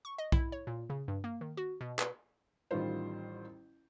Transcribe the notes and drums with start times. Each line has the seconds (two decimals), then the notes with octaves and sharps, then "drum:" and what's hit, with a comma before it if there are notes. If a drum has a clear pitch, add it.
0.05 C#6
0.18 D#5
0.32 E4, drum: kick B1
0.52 C#5
0.67 A#2
0.90 C#3
1.08 G2
1.24 A#3
1.41 D#3
1.57 F#4
1.81 B2
1.99 B4, drum: clap
2.71 A1 D#3 G3 F4 C5